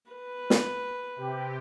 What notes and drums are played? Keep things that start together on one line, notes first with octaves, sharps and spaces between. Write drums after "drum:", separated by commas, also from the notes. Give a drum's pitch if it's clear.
B4
drum: snare
C3 G4